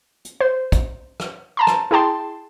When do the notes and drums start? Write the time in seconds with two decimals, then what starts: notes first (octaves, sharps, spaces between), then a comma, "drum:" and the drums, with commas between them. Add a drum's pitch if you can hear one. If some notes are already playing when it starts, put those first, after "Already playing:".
0.25 drum: hi-hat
0.41 C5
0.72 drum: kick, hi-hat
1.20 drum: rim click
1.57 A5 A#5 C6
1.67 drum: rim click
1.91 E4 G#4 G5 A5 C6